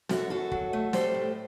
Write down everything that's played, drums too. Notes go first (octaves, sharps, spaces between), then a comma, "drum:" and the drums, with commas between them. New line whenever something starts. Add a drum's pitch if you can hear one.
F#2 F#4 A4, drum: snare
F#2 F#4 A4
F#3, drum: kick
A3
G3 A4 C5, drum: snare
A2